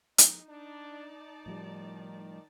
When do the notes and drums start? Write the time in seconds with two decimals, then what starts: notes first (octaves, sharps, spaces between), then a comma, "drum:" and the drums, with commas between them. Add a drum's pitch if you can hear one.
0.18 D#4, drum: hi-hat
0.49 D4 D#4 D5 A5
1.46 A2 D#3 F3 G3